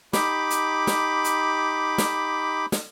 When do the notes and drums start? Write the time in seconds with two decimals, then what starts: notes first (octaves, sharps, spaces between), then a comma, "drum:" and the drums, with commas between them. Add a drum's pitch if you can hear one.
0.13 D#4 G4 B5 D6, drum: snare
0.50 drum: hi-hat
0.87 drum: snare
1.24 drum: hi-hat
1.98 drum: snare
2.72 drum: snare